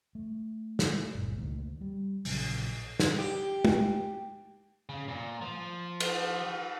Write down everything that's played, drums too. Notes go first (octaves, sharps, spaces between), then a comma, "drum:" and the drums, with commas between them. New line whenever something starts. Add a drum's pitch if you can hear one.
A3
drum: snare
D1 G1 G2 A#2
C#2 D#3 A3 A#3
G3
A#1 A#2 C#3 F#3, drum: open hi-hat
drum: snare
G4
drum: tom
C#3
A#2
F3
drum: cymbal